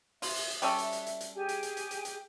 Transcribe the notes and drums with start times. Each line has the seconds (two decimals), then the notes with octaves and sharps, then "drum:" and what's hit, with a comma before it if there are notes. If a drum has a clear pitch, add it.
0.22 F4 E5, drum: open hi-hat
0.36 drum: hi-hat
0.50 drum: hi-hat
0.62 G3 C#4 A4, drum: hi-hat
0.78 drum: hi-hat
0.92 drum: hi-hat
1.06 drum: hi-hat
1.21 drum: hi-hat
1.35 G4 G#4 G#5
1.49 drum: hi-hat
1.63 drum: hi-hat
1.77 drum: hi-hat
1.91 drum: hi-hat
2.05 drum: hi-hat